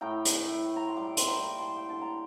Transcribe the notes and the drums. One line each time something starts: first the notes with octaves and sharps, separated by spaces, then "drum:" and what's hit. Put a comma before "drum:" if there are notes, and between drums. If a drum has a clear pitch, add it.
A2 G5 A#5
drum: hi-hat
A2
A#5
C6
G3 A#5 D6
C6, drum: hi-hat
G5 A#5
A#3
A5 C6
G5
D3 A5
A#5